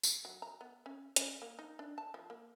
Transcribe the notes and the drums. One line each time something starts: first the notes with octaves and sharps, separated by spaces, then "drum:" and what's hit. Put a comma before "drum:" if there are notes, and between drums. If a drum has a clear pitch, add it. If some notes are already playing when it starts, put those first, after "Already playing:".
drum: tambourine
F#3
A#5
B3
C#4
C#4, drum: hi-hat
A#3
D#4
D4
A5
F3
A#3